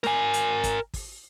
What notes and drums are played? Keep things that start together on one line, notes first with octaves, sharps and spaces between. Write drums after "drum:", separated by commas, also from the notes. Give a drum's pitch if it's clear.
A#4 G#5, drum: snare
drum: hi-hat
drum: kick, hi-hat
drum: kick, open hi-hat